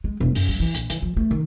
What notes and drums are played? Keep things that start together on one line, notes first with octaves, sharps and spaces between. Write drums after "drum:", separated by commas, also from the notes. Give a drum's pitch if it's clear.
G#3
E1
F#2, drum: open hi-hat
G3
E3
A#1, drum: hi-hat
E3, drum: hi-hat
F3
A3
D#3